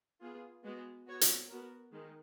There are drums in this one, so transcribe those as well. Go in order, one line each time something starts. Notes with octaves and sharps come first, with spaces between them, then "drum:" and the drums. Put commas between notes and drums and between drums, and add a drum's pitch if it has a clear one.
B3 F4 G#4
G#3 B3 F#4
B3 F#4 C#5
drum: hi-hat
B3 F#4 A#4
D#3 G#3